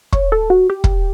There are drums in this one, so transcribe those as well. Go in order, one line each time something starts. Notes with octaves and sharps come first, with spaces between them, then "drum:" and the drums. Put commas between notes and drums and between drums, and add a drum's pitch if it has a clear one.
C#5, drum: kick
A4
F#4
G4
drum: kick